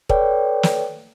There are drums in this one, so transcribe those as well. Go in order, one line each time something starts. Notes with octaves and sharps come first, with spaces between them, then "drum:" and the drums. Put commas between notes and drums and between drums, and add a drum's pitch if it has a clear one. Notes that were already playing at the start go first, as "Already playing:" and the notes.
A4 B4 C#5 D5 G5, drum: kick
drum: snare